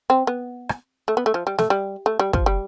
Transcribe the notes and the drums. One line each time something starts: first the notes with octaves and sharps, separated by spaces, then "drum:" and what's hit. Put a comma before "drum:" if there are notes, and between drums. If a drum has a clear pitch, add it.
C4
B3
drum: rim click
A3
B3
A3
F3
G3
A3, drum: snare
G3
A3
G3
F3, drum: kick
G3